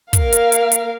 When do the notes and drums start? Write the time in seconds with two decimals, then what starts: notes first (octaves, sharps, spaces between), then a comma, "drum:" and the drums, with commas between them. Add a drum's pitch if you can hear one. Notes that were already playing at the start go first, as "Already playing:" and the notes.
0.13 A#3 A#4 F5, drum: kick, hi-hat
0.32 drum: hi-hat
0.52 drum: hi-hat
0.72 drum: hi-hat